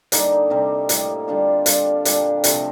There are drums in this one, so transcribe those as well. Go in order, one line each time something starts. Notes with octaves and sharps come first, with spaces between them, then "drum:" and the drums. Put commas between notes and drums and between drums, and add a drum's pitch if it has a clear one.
D3 G3 A#3 D#4, drum: hi-hat
C3 G3 C4 G4
A2 G3 A#3, drum: hi-hat
D3 G3 D4 F4
G3 D4 F4, drum: hi-hat
A#2 G3 D4, drum: hi-hat
C3 F3 A3 C4, drum: hi-hat